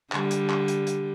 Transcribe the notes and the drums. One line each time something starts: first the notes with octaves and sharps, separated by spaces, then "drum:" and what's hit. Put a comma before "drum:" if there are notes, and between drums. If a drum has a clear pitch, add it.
D3 G3, drum: clap
drum: hi-hat
drum: clap
drum: hi-hat
drum: hi-hat